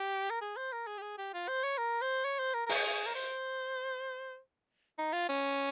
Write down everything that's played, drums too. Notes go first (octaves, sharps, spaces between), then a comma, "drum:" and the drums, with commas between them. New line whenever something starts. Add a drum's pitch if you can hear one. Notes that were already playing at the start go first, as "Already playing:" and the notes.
Already playing: G4
A#4
G#4
C5
A#4
G#4
G4
G#4
G4
F4
C5
C#5
A#4
C5
C#5
C5
A#4
A#4
G#4, drum: open hi-hat
A#4
C5
D#4
F4
C#4